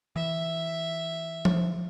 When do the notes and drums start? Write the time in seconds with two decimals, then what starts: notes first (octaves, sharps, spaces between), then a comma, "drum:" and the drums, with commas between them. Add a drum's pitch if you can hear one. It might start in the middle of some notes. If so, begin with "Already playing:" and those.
0.16 E3 E5
1.45 drum: tom F3